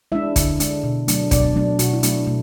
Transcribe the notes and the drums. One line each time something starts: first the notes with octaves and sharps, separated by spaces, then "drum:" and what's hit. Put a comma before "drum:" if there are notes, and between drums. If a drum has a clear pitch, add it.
G#3 D4 E4 E5
D3, drum: kick, hi-hat
G#3 D4, drum: hi-hat
B2
F#3 A3 D4, drum: hi-hat
B2 D4 D5, drum: kick, hi-hat
F#3 A3 D4
B2 F#4, drum: hi-hat
E4
F#3 A3 D4 F#4, drum: hi-hat
B2 A3